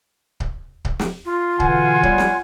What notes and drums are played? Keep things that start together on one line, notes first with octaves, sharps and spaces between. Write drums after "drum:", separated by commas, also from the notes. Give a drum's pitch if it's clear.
drum: kick C#1
drum: kick C#1
drum: snare
F4
B2 D3 E3 F#5 G#5, drum: kick C#1
G3 B3 C#5, drum: kick C#1
drum: snare